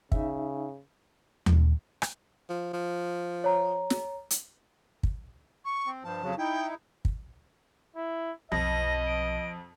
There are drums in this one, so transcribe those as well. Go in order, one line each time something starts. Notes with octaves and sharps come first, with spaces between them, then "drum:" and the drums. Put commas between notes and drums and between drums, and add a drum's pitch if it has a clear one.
C#3 D#4 E5, drum: kick
drum: tom D#2
drum: rim click
F3
F3
C#5 A#5
drum: snare
drum: hi-hat
drum: kick
C#6
C4
G2 F3 A5
F2 C#3 F#3
D#4 E4 G5
drum: kick
E4
B1 F2 D#5 A#6
D7